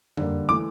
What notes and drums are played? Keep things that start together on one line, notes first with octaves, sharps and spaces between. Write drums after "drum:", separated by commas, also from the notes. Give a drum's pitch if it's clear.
D3 G3 A#3, drum: tom F2
E3 A3 D6